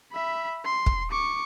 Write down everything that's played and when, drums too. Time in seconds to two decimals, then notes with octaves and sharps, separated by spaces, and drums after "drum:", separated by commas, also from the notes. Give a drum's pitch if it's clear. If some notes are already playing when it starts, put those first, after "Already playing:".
0.12 E5 B5
0.65 C6
0.86 drum: kick
1.11 C#6 D6